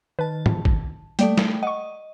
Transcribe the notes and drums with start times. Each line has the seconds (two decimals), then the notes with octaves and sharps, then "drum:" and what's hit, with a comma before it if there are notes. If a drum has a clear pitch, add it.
0.19 D#3 B4 A5
0.46 drum: tom
0.65 drum: kick
1.19 G3 A3 A#3 D5 G5, drum: hi-hat
1.38 drum: snare
1.63 D#5 F#5 C#6